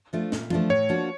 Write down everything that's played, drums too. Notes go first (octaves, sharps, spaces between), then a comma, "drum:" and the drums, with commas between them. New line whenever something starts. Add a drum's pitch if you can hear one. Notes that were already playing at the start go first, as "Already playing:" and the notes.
F3 A3 D4 F4
A#2, drum: snare
F3 A3 D4 F4, drum: tom E3
A2 C#5
F3 A#3 D4 F#4